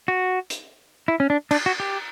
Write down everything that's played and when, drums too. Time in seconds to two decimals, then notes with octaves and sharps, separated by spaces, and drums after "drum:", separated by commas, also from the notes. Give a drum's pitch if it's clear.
0.08 F#4
0.50 drum: hi-hat
1.08 E4
1.20 C#4
1.30 D4
1.51 D4, drum: cymbal
1.66 F#4
1.80 G4